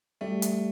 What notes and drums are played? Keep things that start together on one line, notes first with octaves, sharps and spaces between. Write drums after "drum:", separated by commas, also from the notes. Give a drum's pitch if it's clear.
G3 A3
drum: hi-hat